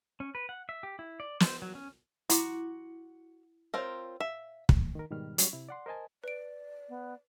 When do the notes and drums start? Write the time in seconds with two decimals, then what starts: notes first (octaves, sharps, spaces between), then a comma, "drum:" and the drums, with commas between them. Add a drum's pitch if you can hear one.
0.20 C#4
0.35 B4
0.49 F#5
0.69 E5
0.83 G4
0.99 E4
1.20 D5
1.40 C5, drum: snare
1.62 F#3
1.75 C#4
2.30 E4 F#4 C6 D6, drum: hi-hat
3.74 C4 F4 A#4 C#5 E6
4.20 E5 F5
4.69 drum: kick
4.95 D#3 A#4
5.11 G#2 B2 D#3 G3 F6
5.38 F#3 G3 C#4 C#6, drum: hi-hat
5.53 C3 E4
5.69 D5 F#5 C6
5.86 A#4 C5 D#5 G#5 A5
6.24 B4 D5 D7
6.89 B3